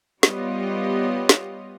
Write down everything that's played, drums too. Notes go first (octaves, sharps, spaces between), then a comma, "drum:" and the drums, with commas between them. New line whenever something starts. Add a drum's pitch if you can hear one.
G3 B3 F4 G4 C#5 D#5, drum: snare
drum: snare